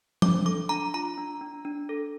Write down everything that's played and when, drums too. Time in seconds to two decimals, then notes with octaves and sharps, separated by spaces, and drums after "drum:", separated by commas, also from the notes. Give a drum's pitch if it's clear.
0.22 D4 D6, drum: tom F3
0.46 A4 D6
0.69 D4 A#5
0.94 F4 A#5
1.18 D4
1.41 D4
1.65 D4
1.89 A4